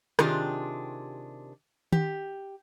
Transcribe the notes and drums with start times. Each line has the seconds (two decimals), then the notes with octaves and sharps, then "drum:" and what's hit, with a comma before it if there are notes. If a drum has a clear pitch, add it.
0.19 C3 D#3 D4 F4 G4 G#4, drum: rim click
1.92 G4, drum: tom D#3